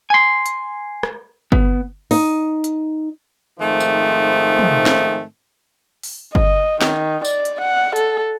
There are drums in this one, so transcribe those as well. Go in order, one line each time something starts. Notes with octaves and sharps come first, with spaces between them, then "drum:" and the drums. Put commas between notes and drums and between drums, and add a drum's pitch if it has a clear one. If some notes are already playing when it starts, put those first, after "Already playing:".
G#5 C6
drum: hi-hat
drum: rim click
B3, drum: kick G1
D#4, drum: open hi-hat
drum: hi-hat
G#2 D#3 F3 A3 C4
drum: tambourine
drum: tom
drum: snare
drum: open hi-hat
D#5, drum: kick G1
D#3, drum: snare
D5, drum: tambourine
drum: hi-hat
F#5
A4, drum: hi-hat